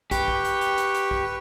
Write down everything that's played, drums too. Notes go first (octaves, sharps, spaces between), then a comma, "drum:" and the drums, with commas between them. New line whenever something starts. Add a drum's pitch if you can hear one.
G4 B4 C#6, drum: kick, hi-hat
drum: kick
drum: hi-hat
drum: hi-hat
drum: hi-hat
drum: hi-hat
drum: kick